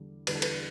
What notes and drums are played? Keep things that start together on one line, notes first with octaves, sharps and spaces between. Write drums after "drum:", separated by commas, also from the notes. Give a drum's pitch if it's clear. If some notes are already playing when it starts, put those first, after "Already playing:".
Already playing: E2 D3 G3
E2 D3 G3 B4, drum: cymbal
A4
B4, drum: cymbal